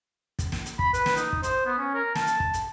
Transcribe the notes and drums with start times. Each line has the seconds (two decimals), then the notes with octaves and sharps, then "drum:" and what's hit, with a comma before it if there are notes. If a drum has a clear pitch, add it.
0.39 drum: kick, hi-hat
0.52 drum: snare
0.65 drum: hi-hat
0.79 B5, drum: kick
0.94 B4, drum: hi-hat
1.06 drum: snare
1.16 D#4, drum: hi-hat
1.33 drum: kick
1.43 C5, drum: hi-hat
1.66 B3
1.78 C#4
1.95 A#4
2.15 A5, drum: snare
2.27 drum: hi-hat
2.40 drum: kick
2.53 drum: hi-hat